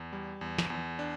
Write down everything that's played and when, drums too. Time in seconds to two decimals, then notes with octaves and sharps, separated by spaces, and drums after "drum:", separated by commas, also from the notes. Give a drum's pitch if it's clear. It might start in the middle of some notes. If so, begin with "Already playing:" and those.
Already playing: E2
0.13 G3
0.41 E2
0.58 drum: snare
0.70 E2
0.99 D4